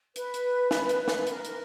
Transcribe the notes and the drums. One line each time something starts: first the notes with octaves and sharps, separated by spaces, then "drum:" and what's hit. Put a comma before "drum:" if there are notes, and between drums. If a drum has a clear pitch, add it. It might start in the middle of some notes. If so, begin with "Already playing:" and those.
B4, drum: hi-hat
drum: hi-hat
drum: snare
drum: hi-hat
drum: snare
A#4, drum: hi-hat
drum: hi-hat